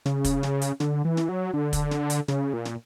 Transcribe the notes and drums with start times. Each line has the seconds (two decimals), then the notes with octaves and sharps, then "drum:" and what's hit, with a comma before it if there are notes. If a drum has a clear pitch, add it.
0.06 C#3, drum: snare
0.24 drum: kick, hi-hat
0.43 drum: snare
0.62 drum: hi-hat
0.80 D3, drum: snare
1.05 E3
1.17 drum: snare
1.29 F#3
1.54 D3
1.73 drum: kick, hi-hat
1.91 drum: snare
2.10 drum: hi-hat
2.28 C#3, drum: snare
2.53 A#2
2.65 drum: snare